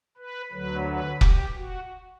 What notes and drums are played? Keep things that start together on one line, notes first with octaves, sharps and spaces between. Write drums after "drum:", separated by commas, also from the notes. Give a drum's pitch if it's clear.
B4
D2 D3 F#3 B4
B4
G4, drum: kick
F#4